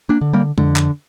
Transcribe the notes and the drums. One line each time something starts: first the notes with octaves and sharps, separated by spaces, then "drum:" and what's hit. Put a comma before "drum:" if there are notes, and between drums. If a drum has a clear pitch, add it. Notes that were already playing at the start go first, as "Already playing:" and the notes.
A#3 D4
D3
G3 A#3
F2 D3, drum: tom G#3
drum: clap